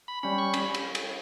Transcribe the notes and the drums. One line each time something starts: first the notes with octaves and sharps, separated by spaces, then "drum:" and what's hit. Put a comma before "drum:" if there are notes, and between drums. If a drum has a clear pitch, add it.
B5
G3 C#4 B5
C#6
B5, drum: cymbal
drum: cymbal
drum: cymbal